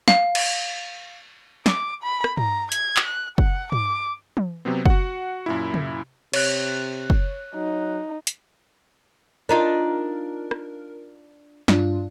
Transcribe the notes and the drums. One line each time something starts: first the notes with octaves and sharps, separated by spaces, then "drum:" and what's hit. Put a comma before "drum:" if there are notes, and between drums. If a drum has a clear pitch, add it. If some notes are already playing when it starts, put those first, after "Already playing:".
F5, drum: snare
drum: cymbal
D6, drum: snare
B5
drum: rim click
A#5, drum: tom
G#6, drum: hi-hat
drum: clap
F#6
F#5, drum: kick F#1
D6, drum: tom
drum: tom
C3 F#3 B3 C4
F#4 F#5, drum: kick F#1
F#2 A#2 E4
drum: tom
C3 C#5 F#6, drum: cymbal
drum: kick F#1
F#3 D#4
drum: hi-hat
D4 D#4 F4 A#4
drum: rim click
G2 D4 F4, drum: snare